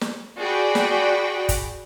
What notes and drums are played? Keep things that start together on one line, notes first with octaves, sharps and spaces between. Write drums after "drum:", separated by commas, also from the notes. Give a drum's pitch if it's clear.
drum: snare
F#4 G#4 D5 G5 B5
drum: snare
drum: kick, hi-hat